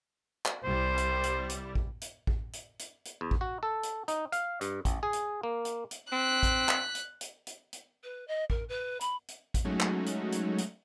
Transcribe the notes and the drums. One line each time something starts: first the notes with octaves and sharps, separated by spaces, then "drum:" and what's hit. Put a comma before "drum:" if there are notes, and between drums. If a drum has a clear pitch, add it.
drum: clap
C2 G3 E4 C5
drum: hi-hat
drum: hi-hat
drum: hi-hat
drum: kick A1
drum: hi-hat
drum: kick A1
drum: hi-hat
drum: hi-hat
drum: hi-hat
E2
drum: kick A1
F#4
A4
drum: hi-hat
D#4, drum: hi-hat
F5, drum: hi-hat
G2, drum: hi-hat
A1, drum: kick A1, hi-hat
G#4
drum: hi-hat
A#3
drum: hi-hat
drum: hi-hat
C4 F#6 B6
drum: kick A1, hi-hat
drum: clap
drum: hi-hat
drum: hi-hat
drum: hi-hat
drum: hi-hat
B4
D#5
A#4, drum: kick A1
B4
B5, drum: hi-hat
drum: hi-hat
drum: kick A1, hi-hat
F#3 G#3 A3 C#4 D#4 F#4
drum: clap
drum: hi-hat
drum: hi-hat
drum: hi-hat